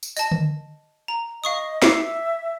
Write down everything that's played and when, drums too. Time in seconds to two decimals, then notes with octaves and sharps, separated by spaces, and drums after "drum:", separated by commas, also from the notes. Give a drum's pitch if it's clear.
0.03 drum: tambourine
0.17 D#5 A5, drum: tambourine
0.31 drum: tom D3
1.08 A#5
1.44 D#5 F5 C#6 D#6
1.82 E5 D6 C7 C#7, drum: snare